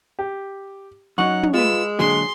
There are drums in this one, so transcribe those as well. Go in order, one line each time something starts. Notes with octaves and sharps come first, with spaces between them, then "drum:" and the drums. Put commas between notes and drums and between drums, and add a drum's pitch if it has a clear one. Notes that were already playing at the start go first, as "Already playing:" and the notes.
G4
F#2 F#3 D#4 F#5 C#6
drum: tom
G#3 F4 B4 E6
A#2 D3 F#3 G#4 C6